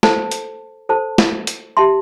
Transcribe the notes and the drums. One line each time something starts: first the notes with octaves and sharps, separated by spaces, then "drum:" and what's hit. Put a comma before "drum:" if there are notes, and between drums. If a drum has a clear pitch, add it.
A4 C5 A5, drum: snare
drum: hi-hat
A4 C5 A5
drum: snare
drum: hi-hat
G4 E5 A5 C6